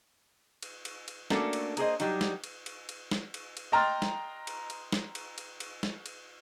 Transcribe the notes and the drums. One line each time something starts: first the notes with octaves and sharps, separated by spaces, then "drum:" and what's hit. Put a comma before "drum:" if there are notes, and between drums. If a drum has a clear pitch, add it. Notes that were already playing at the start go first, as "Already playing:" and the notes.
drum: cymbal
drum: cymbal
drum: cymbal
A3 A#3 C#4 D4 F#4 A4, drum: snare
drum: cymbal
A#3 G#4 C5 D#5, drum: cymbal
F#3 G3 D4 D#4, drum: cymbal
drum: snare
drum: cymbal
drum: cymbal
drum: cymbal
drum: snare
drum: cymbal
drum: cymbal
D#5 G5 A#5 C6 F6 A6
drum: snare
drum: cymbal
drum: cymbal
drum: snare
drum: cymbal
drum: cymbal
drum: cymbal
drum: snare
drum: cymbal